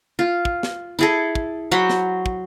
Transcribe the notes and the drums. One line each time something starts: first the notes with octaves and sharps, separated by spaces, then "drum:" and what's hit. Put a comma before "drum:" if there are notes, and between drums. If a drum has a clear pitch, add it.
F4
drum: kick
drum: snare
E4 G#4 A4
drum: kick
F#3 F#4 C5 B5
drum: snare
drum: kick